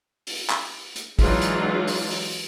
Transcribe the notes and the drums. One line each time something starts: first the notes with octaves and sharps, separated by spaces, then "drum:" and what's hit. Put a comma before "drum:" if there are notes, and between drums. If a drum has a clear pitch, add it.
drum: open hi-hat
drum: clap
drum: hi-hat
E3 F#3 G#3 D4 D#4 F4, drum: kick, open hi-hat
drum: hi-hat
drum: open hi-hat
drum: open hi-hat